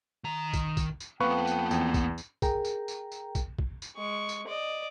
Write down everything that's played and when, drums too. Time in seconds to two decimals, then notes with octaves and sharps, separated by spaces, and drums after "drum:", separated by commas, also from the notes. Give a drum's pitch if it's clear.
0.24 D#3 A#5
0.53 drum: kick, tambourine
0.77 drum: kick, tambourine
1.00 drum: tambourine
1.20 F2 A#3 B3 B4 F5 G5 A5 C#6
1.47 drum: tambourine
1.71 E2, drum: tambourine
1.94 drum: kick, tambourine
2.18 drum: tambourine
2.42 G#4 A#4 G5 A#5, drum: kick, tambourine
2.65 drum: tambourine
2.88 drum: tambourine
3.12 drum: tambourine
3.35 drum: kick, tambourine
3.59 drum: kick
3.82 drum: tambourine
3.96 G#3 C#6
4.29 drum: tambourine
4.47 D5 D#5